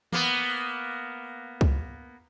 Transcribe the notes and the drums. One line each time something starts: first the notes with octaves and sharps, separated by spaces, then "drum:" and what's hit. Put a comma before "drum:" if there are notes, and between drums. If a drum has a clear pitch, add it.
A#3 B3, drum: tom E3
drum: kick